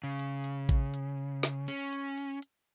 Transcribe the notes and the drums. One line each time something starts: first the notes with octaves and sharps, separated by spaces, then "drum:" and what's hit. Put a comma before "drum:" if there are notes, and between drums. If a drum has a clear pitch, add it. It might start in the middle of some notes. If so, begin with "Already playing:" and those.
C#3
drum: hi-hat
drum: hi-hat
drum: kick A1, hi-hat
drum: hi-hat
drum: snare
C#4, drum: hi-hat
drum: hi-hat
drum: hi-hat
drum: hi-hat